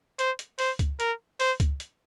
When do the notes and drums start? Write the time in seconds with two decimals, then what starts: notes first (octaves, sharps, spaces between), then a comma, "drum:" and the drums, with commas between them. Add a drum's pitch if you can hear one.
0.19 C5, drum: hi-hat
0.39 drum: hi-hat
0.59 C5, drum: open hi-hat
0.79 drum: kick C#2, hi-hat
1.00 A#4, drum: hi-hat
1.40 C5, drum: open hi-hat
1.60 drum: kick C#2, hi-hat
1.80 drum: hi-hat